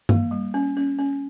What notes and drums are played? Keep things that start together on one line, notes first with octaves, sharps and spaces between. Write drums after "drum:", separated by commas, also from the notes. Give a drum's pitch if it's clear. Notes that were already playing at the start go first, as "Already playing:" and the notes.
A#3, drum: tom G2
G3
C#4
C#4
C#4